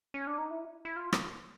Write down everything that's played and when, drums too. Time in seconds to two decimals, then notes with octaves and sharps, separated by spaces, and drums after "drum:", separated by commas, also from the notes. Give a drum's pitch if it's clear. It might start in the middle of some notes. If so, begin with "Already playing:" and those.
0.14 C#4
0.27 D4
0.38 D#4
0.51 E4
0.85 E4
0.96 F4
1.13 drum: rim click